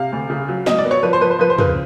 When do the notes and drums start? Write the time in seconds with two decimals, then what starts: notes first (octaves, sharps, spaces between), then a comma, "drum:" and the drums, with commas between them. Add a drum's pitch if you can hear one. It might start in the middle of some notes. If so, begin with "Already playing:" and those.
Already playing: C3 F5
0.12 D2
0.30 C#3
0.48 F#3
0.66 F#3 D#5, drum: snare
0.78 D5
0.85 B3
0.91 C#5
1.03 F3 B4
1.13 C5
1.21 F3 B4
1.31 C5
1.39 F3 B4
1.50 C5
1.58 C#3 B4, drum: tom